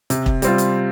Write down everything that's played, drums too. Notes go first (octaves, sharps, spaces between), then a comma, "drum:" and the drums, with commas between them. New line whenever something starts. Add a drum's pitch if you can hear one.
C3, drum: hi-hat
drum: kick
G3 C4 F4, drum: hi-hat
drum: hi-hat